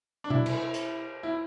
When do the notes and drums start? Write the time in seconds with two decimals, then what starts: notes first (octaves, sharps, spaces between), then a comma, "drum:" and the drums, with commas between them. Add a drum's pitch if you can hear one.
0.24 D4
0.30 E4, drum: tom B2
0.46 drum: cymbal
0.74 drum: hi-hat
1.23 E4